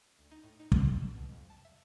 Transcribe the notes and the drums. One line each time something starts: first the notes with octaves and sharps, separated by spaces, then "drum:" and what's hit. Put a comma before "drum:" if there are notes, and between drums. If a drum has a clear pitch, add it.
D2
D#4
A2
D#4
G3, drum: kick
D3
E7
B2
F2
A5
E5